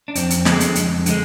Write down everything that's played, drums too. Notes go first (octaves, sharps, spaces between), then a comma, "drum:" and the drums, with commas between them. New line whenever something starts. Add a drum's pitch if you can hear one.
D4
F2 C4, drum: hi-hat
drum: hi-hat
D3 G#3, drum: snare
drum: hi-hat
F2, drum: hi-hat
D3 G#3, drum: hi-hat